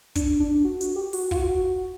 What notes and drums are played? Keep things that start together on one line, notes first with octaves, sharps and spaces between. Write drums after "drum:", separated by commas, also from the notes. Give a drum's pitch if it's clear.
D4, drum: kick, hi-hat
D4
F#4
F#4, drum: hi-hat
G4
F#4, drum: open hi-hat
F4, drum: kick
F#4